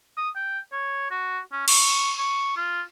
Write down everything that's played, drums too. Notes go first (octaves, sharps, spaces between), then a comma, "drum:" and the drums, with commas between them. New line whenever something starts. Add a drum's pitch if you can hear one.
D#6
G5
C#5
F#4
C#4
C#6, drum: cymbal
C#6
F4